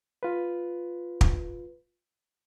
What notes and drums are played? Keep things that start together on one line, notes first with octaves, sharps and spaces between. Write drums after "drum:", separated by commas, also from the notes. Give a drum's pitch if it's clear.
F4 B4
drum: kick